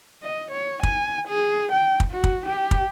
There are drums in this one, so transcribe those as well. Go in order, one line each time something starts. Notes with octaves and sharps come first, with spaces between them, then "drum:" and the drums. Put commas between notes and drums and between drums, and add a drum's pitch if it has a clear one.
D#5
C#5
G#5, drum: kick
G#4
G5
drum: kick
F#4
drum: kick
G4
drum: kick